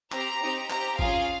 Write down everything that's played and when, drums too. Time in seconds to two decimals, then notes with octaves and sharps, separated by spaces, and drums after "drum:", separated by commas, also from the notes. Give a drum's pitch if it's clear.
0.12 C4 G4 A#5, drum: clap
0.41 C4 D#4 G4
0.70 C4 G4 A#5, drum: clap
0.99 C#4 F4 G#4 F5, drum: kick